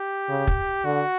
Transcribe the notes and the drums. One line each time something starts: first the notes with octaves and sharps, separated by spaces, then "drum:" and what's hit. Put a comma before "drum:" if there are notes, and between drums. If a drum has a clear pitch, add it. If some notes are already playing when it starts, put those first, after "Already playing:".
Already playing: G4
C#3
drum: kick
D3 F#4